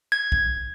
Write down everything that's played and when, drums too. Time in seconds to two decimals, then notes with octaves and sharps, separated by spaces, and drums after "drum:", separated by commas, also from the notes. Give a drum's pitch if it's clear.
0.12 G#6
0.32 drum: kick B1